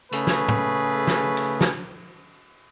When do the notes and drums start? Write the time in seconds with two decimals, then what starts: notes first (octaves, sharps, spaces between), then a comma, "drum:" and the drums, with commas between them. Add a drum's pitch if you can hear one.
0.12 C#3 A3 G#4 B4, drum: hi-hat
0.27 drum: snare
0.48 drum: tom
1.07 drum: snare
1.37 drum: cymbal
1.61 drum: snare